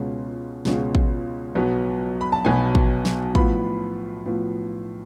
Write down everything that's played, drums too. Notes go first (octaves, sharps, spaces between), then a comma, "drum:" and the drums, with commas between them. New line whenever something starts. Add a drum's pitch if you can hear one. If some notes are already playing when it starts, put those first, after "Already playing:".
Already playing: C#2 B2 G#3 C#4 F4
C#2 B2 G#3 C#4 F4, drum: snare
drum: kick
B1 B2 F#3 B3
B5
A5
B1 B2 F#3 B3 G#5
drum: kick
drum: snare
A2 F3 B3 F4 B5, drum: kick
A2 F3 B3 F4